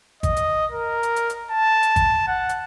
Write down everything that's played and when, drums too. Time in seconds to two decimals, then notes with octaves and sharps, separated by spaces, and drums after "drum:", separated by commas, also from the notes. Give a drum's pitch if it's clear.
0.23 D#5, drum: kick G#1, hi-hat
0.36 drum: hi-hat
0.72 A#4
1.03 drum: hi-hat
1.16 drum: hi-hat
1.30 drum: hi-hat
1.51 A5
1.83 drum: hi-hat
1.96 drum: kick G#1, hi-hat
2.28 F#5
2.49 drum: hi-hat